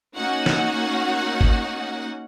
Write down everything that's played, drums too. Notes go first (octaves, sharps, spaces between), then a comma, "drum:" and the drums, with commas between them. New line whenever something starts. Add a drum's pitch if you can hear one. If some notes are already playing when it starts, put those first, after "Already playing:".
A#3 C#4 D#4 F#4 F#5
drum: snare
drum: kick G#1